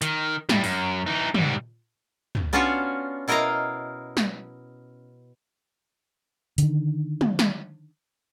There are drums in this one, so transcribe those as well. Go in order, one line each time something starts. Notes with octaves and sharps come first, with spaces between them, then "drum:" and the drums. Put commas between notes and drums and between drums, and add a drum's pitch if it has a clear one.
D#3, drum: hi-hat
A2 G3, drum: snare
F#2, drum: open hi-hat
E3 D#4
G#2 G3, drum: tom
drum: tom
B3 C#4 D4 F4 F#4 C#5
B2 E4 A#4 D#5 F5 A#5
drum: snare
D3 D#3, drum: hi-hat
drum: tom
drum: snare